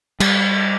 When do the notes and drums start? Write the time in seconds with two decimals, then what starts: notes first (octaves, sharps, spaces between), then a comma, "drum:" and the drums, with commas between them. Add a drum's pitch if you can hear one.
0.20 G3, drum: cymbal